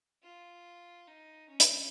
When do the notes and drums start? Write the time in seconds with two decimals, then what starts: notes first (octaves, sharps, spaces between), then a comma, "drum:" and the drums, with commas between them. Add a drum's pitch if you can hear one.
0.23 F4
1.07 D#4
1.48 C#4
1.60 drum: hi-hat